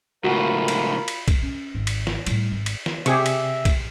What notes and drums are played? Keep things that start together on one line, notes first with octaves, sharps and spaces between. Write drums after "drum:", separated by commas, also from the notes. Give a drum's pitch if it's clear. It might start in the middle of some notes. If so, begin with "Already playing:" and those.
C#2 A2 F4 F#4 A#4 B5
drum: cymbal
drum: cymbal
drum: kick, cymbal
C#4
G#1
drum: cymbal
drum: snare
A2 G3, drum: cymbal
G#1
drum: cymbal
drum: snare
C3 G4 G#4 E5 C#6, drum: cymbal
drum: cymbal
drum: kick, cymbal